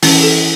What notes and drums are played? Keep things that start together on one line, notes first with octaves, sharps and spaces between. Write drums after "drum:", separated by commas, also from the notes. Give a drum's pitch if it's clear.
E3 C#4, drum: open hi-hat
A4